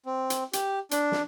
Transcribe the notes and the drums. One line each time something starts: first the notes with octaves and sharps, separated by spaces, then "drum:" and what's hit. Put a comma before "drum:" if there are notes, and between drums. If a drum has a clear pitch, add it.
C4
drum: hi-hat
G4, drum: hi-hat
D4, drum: hi-hat
drum: snare